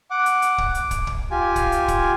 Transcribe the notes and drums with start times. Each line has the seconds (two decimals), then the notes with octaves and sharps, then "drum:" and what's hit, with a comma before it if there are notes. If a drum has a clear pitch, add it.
0.11 F#5 D6
0.26 drum: hi-hat
0.42 drum: hi-hat
0.58 drum: kick
0.75 D6, drum: hi-hat
0.91 drum: kick, hi-hat
1.07 drum: kick
1.31 F4 G4 G#5
1.56 drum: kick, hi-hat
1.72 drum: hi-hat
1.88 drum: kick, hi-hat